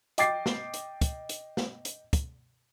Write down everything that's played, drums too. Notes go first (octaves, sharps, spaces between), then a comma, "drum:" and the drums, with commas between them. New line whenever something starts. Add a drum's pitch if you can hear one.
D#5 G5 D6 A6 C7, drum: hi-hat
drum: snare
drum: hi-hat
drum: kick, hi-hat
drum: hi-hat
drum: snare
drum: hi-hat
drum: kick, hi-hat